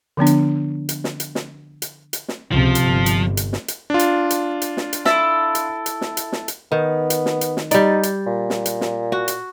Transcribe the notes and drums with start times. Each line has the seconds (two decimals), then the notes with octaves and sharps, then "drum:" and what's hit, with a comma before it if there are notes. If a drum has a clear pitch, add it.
0.17 D3 F3 B3 D4
0.26 drum: hi-hat
0.89 drum: hi-hat
1.04 drum: snare
1.20 drum: hi-hat
1.35 drum: snare
1.82 drum: hi-hat
2.13 drum: hi-hat
2.28 drum: snare
2.52 C#2 C3 F3
2.75 drum: hi-hat
2.84 G1
3.06 drum: hi-hat
3.37 drum: hi-hat
3.53 drum: snare
3.68 drum: hi-hat
3.90 D4 F4
3.99 drum: hi-hat
4.30 drum: hi-hat
4.62 drum: hi-hat
4.77 drum: snare
4.93 drum: hi-hat
5.05 E4 A4 A5, drum: snare
5.55 drum: hi-hat
5.86 drum: hi-hat
6.01 drum: snare
6.17 drum: hi-hat
6.32 drum: snare
6.48 drum: hi-hat
6.72 D#3 B3
7.10 drum: hi-hat
7.26 drum: snare
7.41 drum: hi-hat
7.57 drum: snare
7.71 G3 D#4 D5, drum: hi-hat
8.03 drum: hi-hat
8.27 A#2
8.50 drum: snare
8.66 drum: hi-hat
8.81 drum: snare
9.12 F#4
9.28 drum: hi-hat